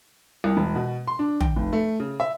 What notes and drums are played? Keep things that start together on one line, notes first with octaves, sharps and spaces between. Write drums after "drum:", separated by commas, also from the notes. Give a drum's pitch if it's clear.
C2
E1
B2
C6
D4
G5, drum: tom
F1
A3
C#3
E5